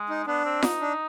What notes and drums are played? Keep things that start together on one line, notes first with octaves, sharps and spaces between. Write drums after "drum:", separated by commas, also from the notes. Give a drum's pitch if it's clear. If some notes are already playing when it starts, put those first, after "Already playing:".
Already playing: G#3
D#4
B3 D4
C4
D#4, drum: snare F4
D4